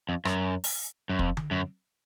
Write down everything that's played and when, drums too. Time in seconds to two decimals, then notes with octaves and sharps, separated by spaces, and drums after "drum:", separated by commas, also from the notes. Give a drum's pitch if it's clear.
0.09 F2
0.25 F#2, drum: rim click
0.64 drum: open hi-hat
1.09 F#2
1.19 F2, drum: kick
1.37 drum: tom D3
1.51 F#2